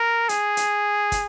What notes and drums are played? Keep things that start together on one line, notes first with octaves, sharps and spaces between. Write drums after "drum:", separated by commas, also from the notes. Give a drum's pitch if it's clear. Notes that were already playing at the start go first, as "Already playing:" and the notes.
Already playing: A#4
G#4, drum: hi-hat
drum: hi-hat
drum: kick, hi-hat